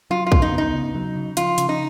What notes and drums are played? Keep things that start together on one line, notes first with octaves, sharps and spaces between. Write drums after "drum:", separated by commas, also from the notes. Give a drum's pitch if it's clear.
F#3 F4
F4
C#3, drum: kick
D#4
B3
D#4
C#3
F#3
C#3
F3 F4, drum: hi-hat
C#3, drum: hi-hat
D#4